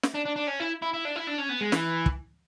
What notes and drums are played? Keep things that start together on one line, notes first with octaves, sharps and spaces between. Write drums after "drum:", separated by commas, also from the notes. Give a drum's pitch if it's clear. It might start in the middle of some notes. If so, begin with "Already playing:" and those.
drum: snare
D4
D4
D4
C#4
E4
E4
E4
D4
E4
D4
C#4
B3
G#3
E3, drum: snare
drum: kick